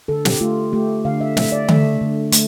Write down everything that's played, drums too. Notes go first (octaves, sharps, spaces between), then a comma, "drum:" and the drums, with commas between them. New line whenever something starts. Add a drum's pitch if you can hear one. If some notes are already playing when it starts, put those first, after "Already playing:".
D3 A4
G4, drum: snare
A3 F4
A3 G4
D3 F5
E5
A3 E5, drum: snare
D5
A3 E5, drum: tom D3
D3
A3, drum: hi-hat